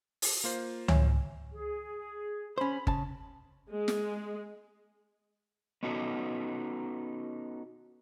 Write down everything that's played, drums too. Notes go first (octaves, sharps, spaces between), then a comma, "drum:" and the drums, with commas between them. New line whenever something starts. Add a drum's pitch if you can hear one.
drum: open hi-hat
A#3 F4 C5
C#5 E5 G#5, drum: tom C#2
G#4
C#4 C5 B5
C#3 A5, drum: kick G1
G#3
drum: snare
B3 C#4 D#4 F#4 A4